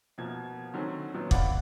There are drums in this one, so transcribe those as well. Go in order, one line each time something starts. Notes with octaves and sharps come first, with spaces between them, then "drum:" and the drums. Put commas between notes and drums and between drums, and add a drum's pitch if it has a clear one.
B2 F3 A#3 G#6
D3 D#3 F#3 C4 C#4
A#2 F#3 B3
D5 F5 F#5 B5, drum: kick